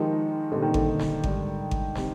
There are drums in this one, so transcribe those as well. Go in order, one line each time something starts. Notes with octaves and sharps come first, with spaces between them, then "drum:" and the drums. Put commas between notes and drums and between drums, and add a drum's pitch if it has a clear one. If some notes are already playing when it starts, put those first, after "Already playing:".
Already playing: D#3 F3 G#3 D#4 G4 A#4
A#2 D3 G3 C4 D#4 G4
D#3
D3, drum: kick G#1
drum: snare
G#2 G3 D4, drum: kick G#1
drum: kick G#1
D#3 G#3 C4 D#4 G4, drum: snare